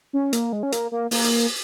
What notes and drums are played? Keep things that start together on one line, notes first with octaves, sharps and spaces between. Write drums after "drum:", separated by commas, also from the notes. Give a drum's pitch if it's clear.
C#4
A#3, drum: hi-hat
G#3
C#4
A#3, drum: hi-hat
A#3
A#3, drum: open hi-hat
drum: hi-hat